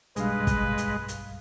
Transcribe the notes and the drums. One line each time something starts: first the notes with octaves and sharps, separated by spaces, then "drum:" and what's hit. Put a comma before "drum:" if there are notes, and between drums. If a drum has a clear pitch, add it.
B1 G2 G#3 B4 F5, drum: hi-hat
drum: kick, hi-hat
drum: hi-hat
drum: hi-hat